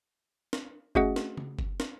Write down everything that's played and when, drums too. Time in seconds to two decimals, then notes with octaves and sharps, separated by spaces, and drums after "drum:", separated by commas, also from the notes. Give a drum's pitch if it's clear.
0.53 drum: snare
0.95 A3 C#4 F#4 G#4 D#5 F#5, drum: kick F#1
1.16 drum: snare
1.37 drum: tom C#3
1.59 drum: kick F#1
1.80 drum: snare